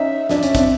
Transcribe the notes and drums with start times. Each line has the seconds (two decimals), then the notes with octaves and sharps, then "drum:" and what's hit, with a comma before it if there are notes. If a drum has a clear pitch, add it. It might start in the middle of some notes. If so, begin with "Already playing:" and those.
Already playing: C#4 D#4 E5
0.29 D4 E5, drum: snare
0.43 C#4, drum: hi-hat
0.55 C4 D4, drum: kick, hi-hat